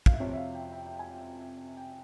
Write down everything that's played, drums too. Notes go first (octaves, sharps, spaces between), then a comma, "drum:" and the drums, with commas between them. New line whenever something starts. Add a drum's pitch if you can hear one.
F5, drum: kick
E5
F2 C3 F3 C#5
E5
F5
G5
G5
G5
G#5
G5
G5